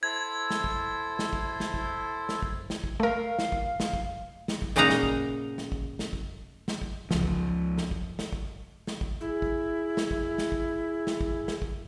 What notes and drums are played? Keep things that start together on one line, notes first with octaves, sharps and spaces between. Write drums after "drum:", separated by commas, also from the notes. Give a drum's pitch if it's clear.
E4 A4 C5 G#6
drum: snare
drum: kick
drum: snare
drum: kick
drum: snare
drum: kick
drum: snare
drum: kick
drum: snare
drum: kick
A3 A#4 F5
drum: snare
drum: kick
drum: snare
drum: kick
drum: snare
drum: kick
A#2 C#3 D#4 F5 F#5 A#5
drum: snare
drum: kick
drum: snare
drum: kick
drum: snare
drum: kick
drum: snare
drum: kick
C#2 F3, drum: snare
drum: kick
drum: snare
drum: kick
drum: snare
drum: kick
drum: snare
drum: kick
E4 G#4
drum: kick
drum: snare
drum: kick
drum: snare
drum: kick
drum: snare
drum: kick
drum: snare
drum: kick